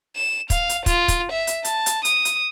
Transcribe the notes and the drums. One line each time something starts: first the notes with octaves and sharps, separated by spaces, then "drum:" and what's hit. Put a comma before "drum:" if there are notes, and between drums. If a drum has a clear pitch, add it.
E7
F5, drum: kick, hi-hat
drum: hi-hat
F4, drum: kick, hi-hat
drum: kick, hi-hat
E5
drum: hi-hat
A5, drum: hi-hat
drum: hi-hat
D#6, drum: hi-hat
drum: hi-hat